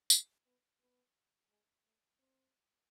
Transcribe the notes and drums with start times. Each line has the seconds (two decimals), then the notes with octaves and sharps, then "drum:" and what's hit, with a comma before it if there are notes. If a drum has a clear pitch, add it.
0.10 D4, drum: tambourine
0.45 B3
0.80 B3
1.49 G#3
1.85 A3
2.19 C4